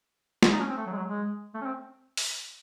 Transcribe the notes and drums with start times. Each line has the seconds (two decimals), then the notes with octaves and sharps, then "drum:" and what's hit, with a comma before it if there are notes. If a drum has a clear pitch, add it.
0.43 drum: snare
0.52 D#4
0.60 C#4
0.69 C4
0.77 A3
0.86 F#3
0.93 G#3
0.97 F#3
1.09 G#3
1.54 A3
1.61 C#4
1.66 C4
2.17 drum: open hi-hat